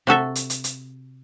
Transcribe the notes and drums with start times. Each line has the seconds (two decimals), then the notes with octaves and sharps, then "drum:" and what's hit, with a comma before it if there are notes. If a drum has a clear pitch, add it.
0.07 C3 F#4 A4 E5
0.35 drum: hi-hat
0.50 drum: hi-hat
0.64 drum: hi-hat